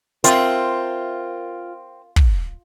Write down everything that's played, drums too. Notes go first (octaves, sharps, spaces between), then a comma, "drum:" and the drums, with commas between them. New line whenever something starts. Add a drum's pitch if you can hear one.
C4 F4 A#4 E5 C6, drum: hi-hat
drum: kick